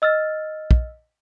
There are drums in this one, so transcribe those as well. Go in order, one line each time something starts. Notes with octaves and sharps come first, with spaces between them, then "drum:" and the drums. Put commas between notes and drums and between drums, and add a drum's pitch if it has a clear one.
D#5 E6 F6 A6
drum: kick